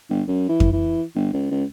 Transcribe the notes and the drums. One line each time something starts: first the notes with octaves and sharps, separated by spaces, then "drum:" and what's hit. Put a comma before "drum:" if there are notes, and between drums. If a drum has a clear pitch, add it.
G1
F#2
E3
drum: kick F2
E3
G1
C#2
C#2